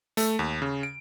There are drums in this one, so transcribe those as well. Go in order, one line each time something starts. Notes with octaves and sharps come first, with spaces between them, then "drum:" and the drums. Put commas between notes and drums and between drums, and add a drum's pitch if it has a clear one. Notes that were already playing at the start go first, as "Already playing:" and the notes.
A3, drum: hi-hat
D#2
C#3
D7